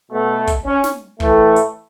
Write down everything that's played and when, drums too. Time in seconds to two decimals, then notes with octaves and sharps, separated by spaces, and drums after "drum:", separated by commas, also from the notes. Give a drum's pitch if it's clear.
0.11 B2 A3
0.47 drum: kick, hi-hat
0.65 C#4
0.84 drum: snare
1.20 A2 E3 A3, drum: kick
1.56 drum: hi-hat